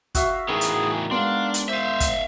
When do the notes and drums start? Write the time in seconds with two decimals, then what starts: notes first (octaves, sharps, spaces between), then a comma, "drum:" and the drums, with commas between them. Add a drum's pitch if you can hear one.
0.15 F#4 E5 F5, drum: kick, hi-hat
0.49 A2 D#3 E3 B3 G#4
0.61 drum: hi-hat
1.11 G#3 B3 D4 F5 C6
1.54 drum: hi-hat
1.69 C5 E5 F5
2.00 drum: kick, hi-hat